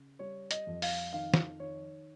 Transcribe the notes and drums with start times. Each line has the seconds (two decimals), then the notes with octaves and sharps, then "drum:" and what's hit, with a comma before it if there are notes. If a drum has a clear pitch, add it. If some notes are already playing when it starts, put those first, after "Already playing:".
Already playing: C#3
0.19 G3 C#5
0.51 D#5, drum: hi-hat
0.67 F2
0.82 F5, drum: open hi-hat
1.13 D#3 F5
1.34 drum: snare
1.60 D#3 C#5